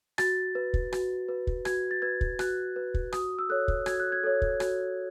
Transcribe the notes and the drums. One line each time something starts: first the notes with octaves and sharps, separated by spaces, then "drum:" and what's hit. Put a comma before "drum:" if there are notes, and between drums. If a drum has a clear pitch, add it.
F#4 A6, drum: rim click
B4
drum: kick
F#4, drum: rim click
B4
drum: kick
F#4 G#6, drum: rim click
A6
B4 G#6
drum: kick
F#4 F#6, drum: rim click
B4
drum: kick
F#4 D#6, drum: rim click
E6
A4 C#5 F#6
drum: kick
F#4 G#6, drum: rim click
F#6
G#6
A4 C#5
drum: kick
F#4, drum: rim click